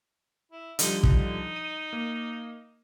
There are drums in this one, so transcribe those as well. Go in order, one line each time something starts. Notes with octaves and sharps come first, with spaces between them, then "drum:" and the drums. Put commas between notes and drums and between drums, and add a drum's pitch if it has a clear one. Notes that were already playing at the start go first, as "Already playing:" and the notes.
E4
D3 F3 G3 D#4, drum: hi-hat
D#4, drum: kick
D#7
A#3